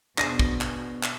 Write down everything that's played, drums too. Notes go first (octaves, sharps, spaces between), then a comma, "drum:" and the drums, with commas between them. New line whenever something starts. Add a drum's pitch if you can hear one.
B2 D4 G#4 C5 A#6, drum: clap
drum: kick
drum: clap
drum: clap